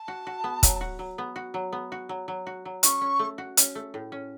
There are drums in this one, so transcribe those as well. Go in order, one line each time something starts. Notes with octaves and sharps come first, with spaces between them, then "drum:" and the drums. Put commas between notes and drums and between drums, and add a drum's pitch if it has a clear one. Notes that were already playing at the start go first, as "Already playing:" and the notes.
Already playing: A5
F#4
F#4
B3
F#3, drum: kick, hi-hat
F#4
F#3
B3
F#4
F#3
B3
F#4
F#3
F#3
F#4
F#3
C#4 C#6, drum: hi-hat
C#4
A3
F#4
C#4, drum: hi-hat
A3
A2
C#4